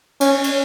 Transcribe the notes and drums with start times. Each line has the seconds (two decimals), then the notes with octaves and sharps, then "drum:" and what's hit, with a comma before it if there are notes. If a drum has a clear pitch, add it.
0.21 C#4, drum: cymbal
0.44 drum: cymbal